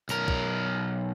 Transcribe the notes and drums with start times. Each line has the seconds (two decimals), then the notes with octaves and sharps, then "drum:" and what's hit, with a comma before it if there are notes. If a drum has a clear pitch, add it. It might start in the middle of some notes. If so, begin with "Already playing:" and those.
0.09 B1 A#4, drum: tambourine
0.28 drum: kick